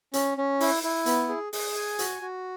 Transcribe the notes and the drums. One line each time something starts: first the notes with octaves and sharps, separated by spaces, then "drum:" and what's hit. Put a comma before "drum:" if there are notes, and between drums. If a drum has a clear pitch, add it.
C#4, drum: hi-hat
C#4
E4, drum: open hi-hat
E4
B3, drum: hi-hat
G#4
G#4, drum: open hi-hat
G#5
F#4, drum: hi-hat
F#4